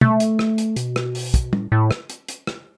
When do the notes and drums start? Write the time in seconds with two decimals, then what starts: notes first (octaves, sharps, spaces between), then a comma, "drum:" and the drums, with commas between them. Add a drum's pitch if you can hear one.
0.01 A3, drum: tom
0.20 drum: hi-hat
0.39 drum: rim click
0.58 drum: hi-hat
0.76 B2, drum: hi-hat
0.96 drum: rim click
1.15 drum: open hi-hat
1.34 drum: kick, hi-hat
1.53 A2, drum: tom
1.72 A2
1.91 drum: rim click
2.10 drum: hi-hat
2.28 drum: hi-hat
2.47 drum: rim click